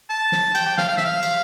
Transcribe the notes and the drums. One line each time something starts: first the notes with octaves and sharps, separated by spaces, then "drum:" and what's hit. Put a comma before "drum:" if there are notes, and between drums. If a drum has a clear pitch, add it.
A5
drum: snare
G5, drum: cymbal
G5
F5, drum: snare
F5
E5, drum: snare
F5
drum: cymbal